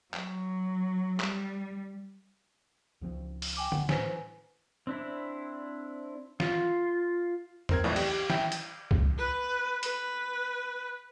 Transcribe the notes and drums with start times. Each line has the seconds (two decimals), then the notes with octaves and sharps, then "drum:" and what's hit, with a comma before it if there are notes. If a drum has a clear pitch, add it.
0.14 F#3, drum: clap
1.20 G3, drum: clap
3.01 C#2 F3 C4
3.42 drum: open hi-hat
3.57 G5 G#5 D6
3.72 D2 D3 D#3 F#5, drum: tom D3
3.89 A2 D4 B4 C5 G#5, drum: snare
4.87 C4 D4 E4
6.40 F4, drum: snare
7.69 C4 A#4 G#6, drum: tom
7.84 B1 F2 A2 E3 D5
7.96 G4, drum: cymbal
8.09 G4
8.30 E4 G5, drum: snare
8.52 drum: hi-hat
8.91 drum: kick C2
9.18 B4
9.83 B4, drum: hi-hat